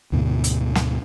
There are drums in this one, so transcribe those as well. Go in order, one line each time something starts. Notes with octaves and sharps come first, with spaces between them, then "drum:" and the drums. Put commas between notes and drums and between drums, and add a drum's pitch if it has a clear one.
D2 G#2 B2 D3
drum: hi-hat
drum: snare